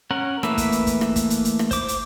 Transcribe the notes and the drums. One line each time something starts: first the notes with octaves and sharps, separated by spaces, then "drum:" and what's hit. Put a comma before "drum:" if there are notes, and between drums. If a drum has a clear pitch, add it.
C#4 A#4 F#5
E3 A3 A#3 B4 E5, drum: rim click
drum: kick, hi-hat
drum: hi-hat
drum: kick, hi-hat
drum: rim click
drum: kick, hi-hat
drum: hi-hat
drum: hi-hat
drum: rim click
C5 D6, drum: kick, hi-hat
drum: hi-hat